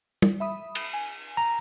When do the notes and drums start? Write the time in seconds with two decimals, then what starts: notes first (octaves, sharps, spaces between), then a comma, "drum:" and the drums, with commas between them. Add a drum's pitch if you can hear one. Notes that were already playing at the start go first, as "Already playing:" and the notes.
0.22 drum: tom
0.40 E5 B5 D#6
0.75 drum: cymbal
0.93 G#5
1.37 A#5